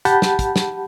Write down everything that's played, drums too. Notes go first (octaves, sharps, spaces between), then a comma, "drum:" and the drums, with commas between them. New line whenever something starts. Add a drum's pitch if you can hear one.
G4 F#5 A5 B5 G6, drum: hi-hat
drum: snare
drum: kick, hi-hat
drum: snare